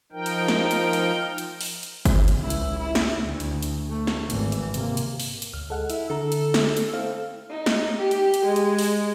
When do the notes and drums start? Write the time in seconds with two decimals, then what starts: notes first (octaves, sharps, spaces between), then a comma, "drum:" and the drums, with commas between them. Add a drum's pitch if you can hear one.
0.12 F3 D#4 A#4 G5
0.26 drum: hi-hat
0.48 drum: snare
0.71 drum: hi-hat
0.93 drum: hi-hat
1.38 drum: hi-hat
1.61 drum: open hi-hat
1.83 drum: hi-hat
2.05 drum: kick G1, hi-hat
2.28 drum: hi-hat
2.41 C#2 E4
2.50 drum: hi-hat
2.79 E4
2.95 drum: snare
3.22 D2
3.40 drum: hi-hat
3.62 drum: hi-hat
3.90 A3
4.07 drum: snare
4.30 G#1 E3, drum: hi-hat
4.52 drum: hi-hat
4.74 C3 A#3, drum: hi-hat
4.97 drum: hi-hat
5.20 drum: open hi-hat
5.42 drum: hi-hat
5.53 D2 F6
5.70 G#3 A4 F#5
5.90 E4, drum: hi-hat
6.10 D3 A4 A#5
6.32 drum: hi-hat
6.54 drum: snare
6.77 drum: hi-hat
6.93 C4 E4 A4 F5
7.50 D#4
7.66 drum: snare
7.98 G4
8.11 drum: hi-hat
8.34 drum: hi-hat
8.46 G#3
8.56 drum: hi-hat
8.79 drum: open hi-hat